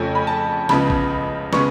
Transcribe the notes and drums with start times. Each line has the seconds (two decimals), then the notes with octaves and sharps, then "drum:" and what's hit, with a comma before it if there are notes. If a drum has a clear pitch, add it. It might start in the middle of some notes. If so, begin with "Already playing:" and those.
Already playing: F2 C#3 F3 A3 C#4 G#5
0.15 B5
0.27 A5
0.69 C#2 C#3 F3 B3 B5, drum: snare
0.90 drum: kick A1
1.53 C#3 G#3 B3 C#6, drum: snare